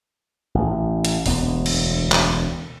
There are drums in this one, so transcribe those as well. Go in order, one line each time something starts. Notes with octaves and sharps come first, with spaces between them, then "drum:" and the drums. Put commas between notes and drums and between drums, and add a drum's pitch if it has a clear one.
A1
drum: hi-hat
E1 D2 B3, drum: open hi-hat
drum: cymbal
drum: clap